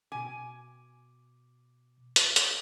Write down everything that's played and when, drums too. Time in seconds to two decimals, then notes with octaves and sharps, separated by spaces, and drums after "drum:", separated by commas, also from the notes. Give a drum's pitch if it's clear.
0.12 B2 G#5 D6
2.16 drum: hi-hat
2.36 drum: hi-hat